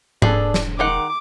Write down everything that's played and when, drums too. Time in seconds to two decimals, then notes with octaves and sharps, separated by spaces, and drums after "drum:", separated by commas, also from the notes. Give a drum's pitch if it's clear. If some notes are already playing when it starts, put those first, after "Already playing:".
0.22 E1 D4 G#4 A4 B4, drum: tom G#2
0.54 drum: snare
0.79 D#3 G#3 D#4 F#5 D6